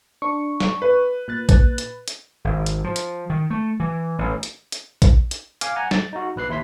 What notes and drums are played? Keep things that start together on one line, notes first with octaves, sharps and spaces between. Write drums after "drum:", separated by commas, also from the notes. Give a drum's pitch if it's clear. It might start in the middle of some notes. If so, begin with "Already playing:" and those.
D4 C#6
drum: snare
B4
A#2 F#6 A6
drum: kick A#1, hi-hat
drum: hi-hat
drum: hi-hat
G#1
drum: hi-hat
F3
drum: hi-hat
D#3
A3
E3
A1
drum: hi-hat
drum: hi-hat
drum: kick A#1, hi-hat
drum: hi-hat
F5 G#5 D6, drum: hi-hat
F#5 G#5 A#5
A6, drum: snare
D#4 F#4
A#1 B4 F#6 C7
D#2 E4 C6 B6